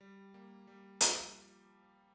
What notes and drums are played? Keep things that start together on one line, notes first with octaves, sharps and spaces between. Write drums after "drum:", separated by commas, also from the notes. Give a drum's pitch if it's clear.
G3
G3 A#3
G3
F3, drum: hi-hat